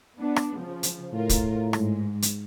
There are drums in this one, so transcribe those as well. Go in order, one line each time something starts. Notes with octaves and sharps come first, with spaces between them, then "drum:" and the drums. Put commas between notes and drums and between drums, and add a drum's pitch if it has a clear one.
B3 D4
drum: rim click
C#3 F3
drum: hi-hat
A2 F4 A#4
drum: kick, hi-hat
G#2, drum: rim click
drum: hi-hat